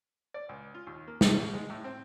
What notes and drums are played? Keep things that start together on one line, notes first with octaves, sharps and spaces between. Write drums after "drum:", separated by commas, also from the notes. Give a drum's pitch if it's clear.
D5
C#2
F4
D#2
A#3
C4, drum: snare
C2
G#3
A2
C4